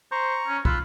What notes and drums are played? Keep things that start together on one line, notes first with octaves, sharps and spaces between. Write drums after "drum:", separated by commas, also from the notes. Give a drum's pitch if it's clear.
C5 A#5 C#6
C#4
F4 B5 E6 F#6, drum: kick